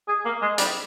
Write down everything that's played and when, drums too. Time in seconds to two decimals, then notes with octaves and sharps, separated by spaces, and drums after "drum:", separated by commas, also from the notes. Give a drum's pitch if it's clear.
0.08 G#4
0.25 A#3
0.42 G#3
0.58 G3, drum: hi-hat